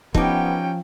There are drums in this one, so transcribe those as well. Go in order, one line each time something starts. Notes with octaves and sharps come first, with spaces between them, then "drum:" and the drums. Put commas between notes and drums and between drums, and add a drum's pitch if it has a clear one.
F3 B3 C#4 D#4 G4 G5, drum: kick